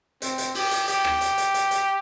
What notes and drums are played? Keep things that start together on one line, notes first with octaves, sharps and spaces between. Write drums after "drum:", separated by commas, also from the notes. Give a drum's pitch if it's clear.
C4, drum: hi-hat
drum: hi-hat
G4, drum: open hi-hat
drum: hi-hat
G4, drum: hi-hat
drum: rim click
drum: hi-hat
drum: hi-hat
drum: hi-hat
drum: hi-hat